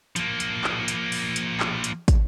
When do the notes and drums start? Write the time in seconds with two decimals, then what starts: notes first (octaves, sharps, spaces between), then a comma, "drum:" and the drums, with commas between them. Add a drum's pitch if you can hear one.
0.16 F3 A#3, drum: hi-hat
0.40 drum: hi-hat
0.64 drum: clap
0.88 drum: hi-hat
1.12 drum: open hi-hat
1.36 drum: hi-hat
1.60 drum: clap
1.84 drum: hi-hat
2.08 drum: kick, hi-hat